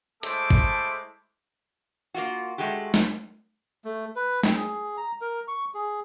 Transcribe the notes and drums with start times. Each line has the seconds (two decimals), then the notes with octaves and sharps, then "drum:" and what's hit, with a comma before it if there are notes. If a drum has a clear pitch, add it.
0.23 G#3 A3 E4 A4 C5 D6, drum: hi-hat
0.51 drum: kick
2.14 A#3 F4 F#4
2.58 G#3 A3 F#4 G4
2.94 drum: snare
3.85 A3
4.16 B4
4.43 C4, drum: snare
4.56 G#4
4.97 A#5
5.21 A#4
5.48 C#6
5.75 G#4